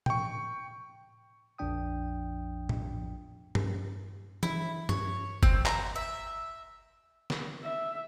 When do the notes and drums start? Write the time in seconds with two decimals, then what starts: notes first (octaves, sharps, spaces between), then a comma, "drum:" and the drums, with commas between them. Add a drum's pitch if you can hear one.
0.06 G5 C#6, drum: tom A2
1.59 A#1 F2 F3 D4 G5 D#6
2.69 drum: tom A2
3.55 drum: tom G2
4.43 E4, drum: tom E3
4.89 C#5, drum: tom G2
5.43 C4, drum: kick F#1
5.66 A#5, drum: clap
5.96 E5
7.30 drum: snare
7.64 E5